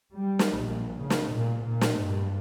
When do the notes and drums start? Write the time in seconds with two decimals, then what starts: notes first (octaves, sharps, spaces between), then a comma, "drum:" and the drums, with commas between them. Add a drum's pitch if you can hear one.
0.16 G3
0.39 drum: snare
0.56 A#1
1.00 C#3
1.10 drum: snare
1.30 A#2
1.63 A#2
1.81 drum: snare
2.00 G2